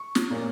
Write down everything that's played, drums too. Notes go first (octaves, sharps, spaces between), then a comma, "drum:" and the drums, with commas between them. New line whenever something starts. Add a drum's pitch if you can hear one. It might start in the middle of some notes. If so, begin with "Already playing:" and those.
Already playing: C#6
drum: snare
A#2 A#3 C#4